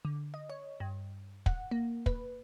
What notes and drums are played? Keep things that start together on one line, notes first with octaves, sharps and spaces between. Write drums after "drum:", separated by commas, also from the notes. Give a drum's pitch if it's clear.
D3
D#5
C#5
G2
F#5, drum: kick
A#3
B4, drum: kick